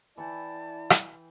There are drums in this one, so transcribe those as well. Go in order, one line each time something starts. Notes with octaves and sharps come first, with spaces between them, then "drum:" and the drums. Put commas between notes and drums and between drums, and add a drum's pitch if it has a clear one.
E3 E4 D5 F#5 G5 A5
drum: rim click